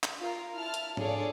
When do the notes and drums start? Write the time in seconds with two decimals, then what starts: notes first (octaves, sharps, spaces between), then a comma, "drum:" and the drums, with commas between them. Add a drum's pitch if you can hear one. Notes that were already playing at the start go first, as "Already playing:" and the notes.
0.03 drum: clap
0.20 F4 A#4
0.55 E4 A5 F6
0.74 drum: hi-hat
0.97 D4 F4 G#4 A4 C#5 D5, drum: tom G#2